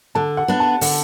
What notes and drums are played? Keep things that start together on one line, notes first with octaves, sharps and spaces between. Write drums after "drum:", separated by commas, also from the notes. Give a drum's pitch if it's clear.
D3 A5
F#5
B3 D4 B4
A5
D3 F#5, drum: open hi-hat